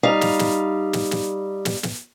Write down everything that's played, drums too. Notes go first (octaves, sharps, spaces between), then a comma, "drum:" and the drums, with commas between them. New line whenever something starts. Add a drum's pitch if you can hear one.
G3 D#4 F5
drum: snare
drum: snare
drum: snare
drum: snare
drum: snare
drum: snare